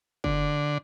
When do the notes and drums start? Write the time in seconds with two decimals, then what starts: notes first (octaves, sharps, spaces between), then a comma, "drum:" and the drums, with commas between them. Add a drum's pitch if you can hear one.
0.24 D3, drum: kick F#1